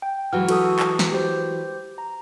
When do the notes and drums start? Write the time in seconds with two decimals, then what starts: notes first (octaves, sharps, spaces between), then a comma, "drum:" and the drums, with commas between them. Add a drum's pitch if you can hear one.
0.02 G5
0.33 E3 F#3 G#3 F#5 F6
0.49 F#4 A4 D#6, drum: cymbal
0.79 drum: clap
0.99 drum: snare
1.12 G4 C5
1.98 A#5